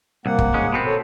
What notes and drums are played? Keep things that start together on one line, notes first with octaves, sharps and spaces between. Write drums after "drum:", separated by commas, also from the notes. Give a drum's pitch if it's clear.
C2 A#3 F#5
drum: kick
G#2 G#3 C#4
B2 B3 C4
A4 C#5